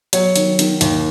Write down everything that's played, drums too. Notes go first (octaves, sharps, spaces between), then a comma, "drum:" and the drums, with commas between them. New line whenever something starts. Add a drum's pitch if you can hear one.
F#3 C#5, drum: hi-hat
D#3, drum: hi-hat
D#3, drum: hi-hat
D#2, drum: hi-hat